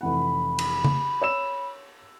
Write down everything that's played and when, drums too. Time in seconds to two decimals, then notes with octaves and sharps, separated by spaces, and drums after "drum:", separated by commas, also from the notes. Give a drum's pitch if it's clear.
0.01 F1 E3 F#5 B5
0.59 drum: cymbal
0.84 drum: tom C#3
1.21 C#5 E6 E7